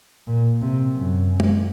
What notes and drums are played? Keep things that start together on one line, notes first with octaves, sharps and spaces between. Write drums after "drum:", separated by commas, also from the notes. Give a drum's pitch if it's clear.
A#2
C3
F#2
drum: tom G#3